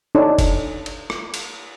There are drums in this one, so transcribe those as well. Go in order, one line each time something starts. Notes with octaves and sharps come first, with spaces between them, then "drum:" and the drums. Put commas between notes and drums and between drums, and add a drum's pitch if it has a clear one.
D4 D#4 A4 C#5
drum: kick F1, cymbal
drum: cymbal
drum: rim click
drum: cymbal